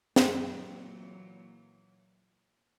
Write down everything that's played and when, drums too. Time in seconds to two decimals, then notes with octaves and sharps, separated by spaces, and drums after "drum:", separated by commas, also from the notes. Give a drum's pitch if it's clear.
0.16 A#2 E3 F#3, drum: snare